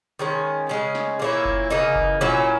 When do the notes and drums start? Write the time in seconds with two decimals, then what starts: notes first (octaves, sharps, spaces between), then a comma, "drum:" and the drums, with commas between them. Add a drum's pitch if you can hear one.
0.19 D#3 G#3 C#4
0.69 C#3 G#3 C#4
0.95 drum: snare
1.20 A#2 A#3 C#4 E4
1.45 drum: kick F#1
1.70 C#3 E3 A#3 D#4
1.95 drum: kick F#1
2.21 A#2 F#3 C#4 E4